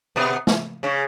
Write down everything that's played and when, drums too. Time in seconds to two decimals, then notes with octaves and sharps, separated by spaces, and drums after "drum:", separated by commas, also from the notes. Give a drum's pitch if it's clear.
0.16 B2 B3
0.47 drum: snare
0.83 C#3 C#4